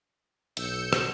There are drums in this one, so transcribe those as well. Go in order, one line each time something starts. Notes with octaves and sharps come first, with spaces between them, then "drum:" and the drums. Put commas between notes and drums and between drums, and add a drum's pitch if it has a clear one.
B1 E6 G6 C#7, drum: hi-hat
drum: rim click